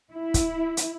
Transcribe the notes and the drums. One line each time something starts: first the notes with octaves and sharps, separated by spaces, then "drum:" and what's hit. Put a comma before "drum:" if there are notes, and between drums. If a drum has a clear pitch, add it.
E4
drum: kick, hi-hat
drum: hi-hat